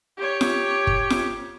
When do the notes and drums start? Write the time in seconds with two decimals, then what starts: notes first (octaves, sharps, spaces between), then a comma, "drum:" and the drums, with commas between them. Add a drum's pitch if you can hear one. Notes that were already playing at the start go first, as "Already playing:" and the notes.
0.17 G4 C#5
0.41 drum: snare
0.87 drum: kick
1.10 drum: snare